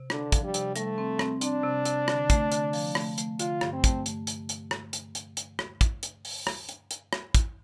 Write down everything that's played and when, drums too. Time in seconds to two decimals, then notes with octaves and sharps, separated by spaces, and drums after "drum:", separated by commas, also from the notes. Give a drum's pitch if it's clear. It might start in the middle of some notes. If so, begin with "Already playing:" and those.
Already playing: C3
0.10 D3 D4, drum: rim click
0.32 F3, drum: kick, hi-hat
0.43 G3
0.54 C3, drum: hi-hat
0.76 G3 A3, drum: hi-hat
0.98 C4
1.19 C4, drum: rim click
1.41 C4 D4, drum: hi-hat
1.63 C3
1.85 C3, drum: hi-hat
2.08 D3, drum: rim click
2.30 A3, drum: kick, hi-hat
2.52 D3, drum: hi-hat
2.73 F3, drum: open hi-hat
2.95 A3, drum: rim click
3.18 A3, drum: hi-hat
3.39 D3 F4, drum: hi-hat
3.61 G2, drum: rim click
3.73 C4
3.84 A3, drum: kick, hi-hat
4.06 A3, drum: hi-hat
4.27 drum: hi-hat
4.49 drum: hi-hat
4.71 drum: rim click
4.93 drum: hi-hat
5.15 drum: hi-hat
5.37 drum: hi-hat
5.59 drum: rim click
5.81 drum: kick, hi-hat
6.03 drum: hi-hat
6.25 drum: open hi-hat
6.47 drum: rim click
6.69 drum: hi-hat
6.91 drum: hi-hat
7.13 drum: rim click
7.35 drum: kick, hi-hat